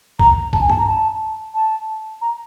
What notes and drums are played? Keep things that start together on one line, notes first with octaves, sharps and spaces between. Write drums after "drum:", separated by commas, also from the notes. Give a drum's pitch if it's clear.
A#5, drum: kick C2
A5, drum: kick C2
G#5
A5, drum: tom G2
A#5
A5
A5
A#5